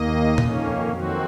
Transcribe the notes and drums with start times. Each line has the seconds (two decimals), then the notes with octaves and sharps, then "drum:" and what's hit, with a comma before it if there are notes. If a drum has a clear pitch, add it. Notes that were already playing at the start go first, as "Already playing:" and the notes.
Already playing: D#2 D#3 A#3 D#5
0.38 F2 D#3 A#3 C#4, drum: tom A#2
0.92 F2 D#3 F#3 C4 F#4